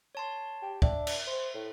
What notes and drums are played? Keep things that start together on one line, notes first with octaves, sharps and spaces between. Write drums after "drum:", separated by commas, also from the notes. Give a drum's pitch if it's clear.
C#5 A5 C6
G4
D4 E5, drum: kick
drum: cymbal
C5
A2